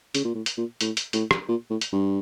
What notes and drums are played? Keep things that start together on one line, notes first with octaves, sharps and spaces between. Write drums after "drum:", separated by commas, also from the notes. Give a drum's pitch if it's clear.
C#3, drum: hi-hat
A#2
A2
drum: hi-hat
A#2
A2, drum: hi-hat
drum: hi-hat
A2, drum: hi-hat
drum: rim click
A#2
A2
drum: hi-hat
G2